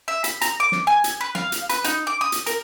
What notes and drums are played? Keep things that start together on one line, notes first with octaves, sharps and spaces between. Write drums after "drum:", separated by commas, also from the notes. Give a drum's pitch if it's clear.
E5
B5, drum: hi-hat
A#5, drum: hi-hat
D6
drum: snare
G#5
drum: hi-hat
B4
F5, drum: snare
drum: hi-hat
B4, drum: hi-hat
D#4, drum: hi-hat
D6
D#6
drum: hi-hat
A#4, drum: hi-hat